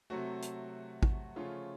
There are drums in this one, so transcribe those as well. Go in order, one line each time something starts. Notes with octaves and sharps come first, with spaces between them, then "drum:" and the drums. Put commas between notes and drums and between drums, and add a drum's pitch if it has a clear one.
C3 F#3 A3 F#4
drum: hi-hat
drum: kick
C#3 F3 A3 C#4 F4